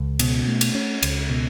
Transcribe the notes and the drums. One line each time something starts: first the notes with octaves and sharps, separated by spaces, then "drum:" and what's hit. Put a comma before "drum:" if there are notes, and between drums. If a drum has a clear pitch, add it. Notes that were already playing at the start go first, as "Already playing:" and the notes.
Already playing: C#2
B2, drum: cymbal
A3
drum: cymbal
C#4
C#2, drum: cymbal
B2